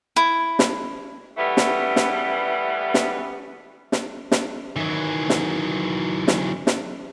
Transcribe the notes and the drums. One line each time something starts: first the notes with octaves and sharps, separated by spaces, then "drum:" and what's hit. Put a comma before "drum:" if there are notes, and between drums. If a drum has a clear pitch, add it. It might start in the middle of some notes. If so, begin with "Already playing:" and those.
E4
drum: snare
E3 G3 A3 B3
drum: snare
drum: snare
drum: snare
drum: snare
drum: snare
D#3 E3 F#3
drum: snare
drum: snare
drum: snare